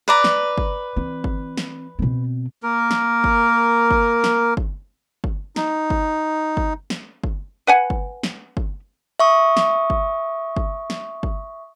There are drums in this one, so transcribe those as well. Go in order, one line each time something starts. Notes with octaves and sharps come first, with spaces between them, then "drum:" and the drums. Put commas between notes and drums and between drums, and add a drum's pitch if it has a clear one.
B4 D5 A#5
drum: snare
drum: kick G1
E3 C4
drum: kick G1
drum: snare
B2 C4
A#3 A#4
drum: snare
drum: kick G1
drum: kick G1
drum: snare
drum: kick G1
drum: kick G1
D#4, drum: snare
drum: kick G1
drum: kick G1
drum: snare
drum: kick G1
B4 F#5 G#5
drum: kick G1
drum: snare
drum: kick G1
E5 C#6 D#6
drum: snare
drum: kick G1
drum: kick G1
drum: snare
drum: kick G1